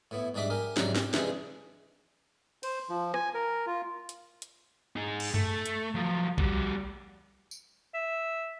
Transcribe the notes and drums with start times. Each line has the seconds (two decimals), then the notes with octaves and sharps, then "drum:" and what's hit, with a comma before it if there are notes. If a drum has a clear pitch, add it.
0.11 A2 B3 E4
0.34 G#2 G3 D4 D#5 E5 D6
0.50 G4 A#4 G#5
0.77 G#2 C3 F#3 C#5 D5 A#5, drum: snare
0.95 G4, drum: snare
1.14 C3 E3 G#3 D4 G#4, drum: snare
2.63 C5, drum: cymbal
2.89 F3
3.14 G#5, drum: rim click
3.34 A#4
3.67 F4
4.09 drum: hi-hat
4.42 drum: hi-hat
4.96 D#4 G#4
5.20 drum: cymbal
5.34 A3, drum: tom F#2
5.66 drum: hi-hat
5.95 F3 F#3
6.38 G3 F#4, drum: kick A#1
7.51 drum: tambourine
7.94 E5